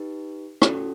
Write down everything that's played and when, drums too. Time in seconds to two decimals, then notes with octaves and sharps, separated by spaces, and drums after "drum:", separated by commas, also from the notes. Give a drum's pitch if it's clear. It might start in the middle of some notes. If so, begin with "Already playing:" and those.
Already playing: D#4 G4 B4
0.62 C#4 F#4 A4, drum: rim click